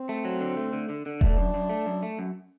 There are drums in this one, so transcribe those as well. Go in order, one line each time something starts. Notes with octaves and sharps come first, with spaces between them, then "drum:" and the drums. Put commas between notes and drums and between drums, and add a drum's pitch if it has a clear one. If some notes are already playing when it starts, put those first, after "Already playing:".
Already playing: C4
A3
F#3
D3
A3
D3
D3
D3
A3 D4, drum: kick E1
F#2
F#2
A3
F#2
A3
F#2